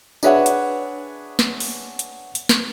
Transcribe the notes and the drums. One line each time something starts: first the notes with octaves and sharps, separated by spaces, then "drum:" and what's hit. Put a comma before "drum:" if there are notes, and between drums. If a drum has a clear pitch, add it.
D4 G#4 B4 C#5 E5 F#5, drum: tambourine
drum: hi-hat
drum: snare
drum: open hi-hat
drum: hi-hat
drum: hi-hat
drum: snare